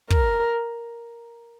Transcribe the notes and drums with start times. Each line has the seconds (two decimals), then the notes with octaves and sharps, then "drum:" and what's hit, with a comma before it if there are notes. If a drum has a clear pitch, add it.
0.10 A#4, drum: kick